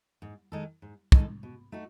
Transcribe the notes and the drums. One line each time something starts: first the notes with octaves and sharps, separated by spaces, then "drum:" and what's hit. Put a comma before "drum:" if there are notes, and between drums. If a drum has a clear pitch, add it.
G#2
D#3 G#3 D#4 A4
G#2
D#3 G#3 D#4 A4, drum: kick
B2
A3 D#4 F#4